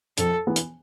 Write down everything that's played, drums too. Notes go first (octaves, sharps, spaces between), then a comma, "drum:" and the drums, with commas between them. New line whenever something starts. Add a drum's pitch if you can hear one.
F2 A4, drum: hi-hat
E3 B3
drum: hi-hat